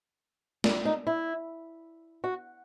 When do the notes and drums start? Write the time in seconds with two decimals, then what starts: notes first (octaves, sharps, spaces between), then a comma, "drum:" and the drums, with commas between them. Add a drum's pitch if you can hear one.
0.64 D4, drum: snare
0.85 D#4
1.07 E4
2.24 F#4